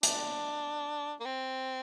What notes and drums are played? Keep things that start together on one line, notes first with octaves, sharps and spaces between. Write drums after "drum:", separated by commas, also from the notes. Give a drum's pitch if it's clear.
D4, drum: hi-hat
A#3
C4